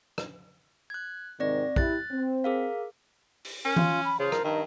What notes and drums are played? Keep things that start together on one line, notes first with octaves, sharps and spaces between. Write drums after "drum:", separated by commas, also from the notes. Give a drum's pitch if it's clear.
drum: rim click
F#6 G#6
G#2 C3 D#3 C4 D5 A#6
E4 G4 F#6 A6, drum: kick
C4
G#4 A#4 F5
drum: open hi-hat
C#4 A#4
F4, drum: tom E3
B5
C#3 F3 G#4
A#4, drum: rim click
G2 D#3 D#4